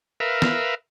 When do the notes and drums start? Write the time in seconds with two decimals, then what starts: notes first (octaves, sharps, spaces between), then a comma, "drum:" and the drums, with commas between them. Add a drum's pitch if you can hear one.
0.20 A#4 B4 E5 F5
0.42 drum: snare